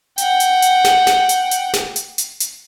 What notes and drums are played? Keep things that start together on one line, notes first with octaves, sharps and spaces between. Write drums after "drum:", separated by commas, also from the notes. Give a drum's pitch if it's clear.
F#5 G5, drum: hi-hat
drum: hi-hat
drum: hi-hat
drum: snare
drum: snare
drum: hi-hat
drum: hi-hat
drum: snare
drum: hi-hat
drum: hi-hat
drum: hi-hat